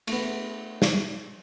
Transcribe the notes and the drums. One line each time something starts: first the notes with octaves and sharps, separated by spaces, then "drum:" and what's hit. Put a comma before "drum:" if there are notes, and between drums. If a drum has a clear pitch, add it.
A3 B3, drum: cymbal
drum: snare